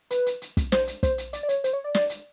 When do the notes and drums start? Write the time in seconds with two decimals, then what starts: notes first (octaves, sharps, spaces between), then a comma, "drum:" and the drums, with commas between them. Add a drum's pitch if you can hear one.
0.10 B4, drum: hi-hat
0.26 drum: hi-hat
0.42 drum: hi-hat
0.57 drum: kick, hi-hat
0.72 C5, drum: snare
0.87 drum: hi-hat
1.03 C5, drum: kick, hi-hat
1.18 drum: hi-hat
1.33 D5, drum: hi-hat
1.43 D5
1.49 C#5, drum: hi-hat
1.64 C5, drum: hi-hat
1.73 C#5
1.84 D5
1.94 D5, drum: snare
2.10 drum: hi-hat